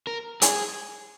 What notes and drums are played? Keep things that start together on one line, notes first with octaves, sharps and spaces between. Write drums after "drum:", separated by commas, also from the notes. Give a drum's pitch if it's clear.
A#4
G#4, drum: hi-hat